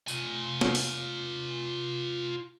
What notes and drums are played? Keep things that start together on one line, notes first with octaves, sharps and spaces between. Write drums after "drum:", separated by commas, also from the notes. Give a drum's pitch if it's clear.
F4 G#5, drum: tambourine
drum: snare
drum: open hi-hat